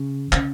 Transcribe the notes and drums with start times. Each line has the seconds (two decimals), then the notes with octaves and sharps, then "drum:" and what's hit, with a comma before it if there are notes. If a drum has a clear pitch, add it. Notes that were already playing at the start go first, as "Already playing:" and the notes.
Already playing: C#3
0.32 C#3, drum: clap